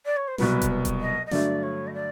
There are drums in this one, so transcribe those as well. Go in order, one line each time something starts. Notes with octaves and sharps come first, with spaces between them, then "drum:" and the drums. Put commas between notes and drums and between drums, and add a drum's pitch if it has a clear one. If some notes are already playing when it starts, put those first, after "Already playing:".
D5
C#5
C5
C2 B2 F#3 B3 B4, drum: snare
drum: kick D#1, hi-hat
drum: kick D#1, hi-hat
D#5
D#5
G2 D3 F#3 A3 D5, drum: snare
C#5
D#5
D5